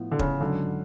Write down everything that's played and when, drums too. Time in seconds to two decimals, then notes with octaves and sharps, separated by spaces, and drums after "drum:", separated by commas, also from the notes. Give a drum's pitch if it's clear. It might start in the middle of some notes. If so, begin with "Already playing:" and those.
Already playing: A2 F3 B3 F4
0.12 D3
0.19 C#3, drum: kick
0.40 G#2 D3 F#3 C#4